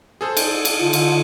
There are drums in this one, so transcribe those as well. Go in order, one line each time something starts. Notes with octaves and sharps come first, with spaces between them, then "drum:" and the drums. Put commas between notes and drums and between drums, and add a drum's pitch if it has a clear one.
G#4 A4 C5
drum: cymbal
drum: cymbal
D3 F4
drum: cymbal